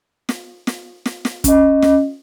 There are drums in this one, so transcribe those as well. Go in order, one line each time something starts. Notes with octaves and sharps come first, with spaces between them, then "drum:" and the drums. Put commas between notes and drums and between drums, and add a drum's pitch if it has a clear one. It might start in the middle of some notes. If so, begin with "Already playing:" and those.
drum: snare
drum: snare
drum: snare
drum: snare
C#4 D#5, drum: kick, hi-hat
drum: snare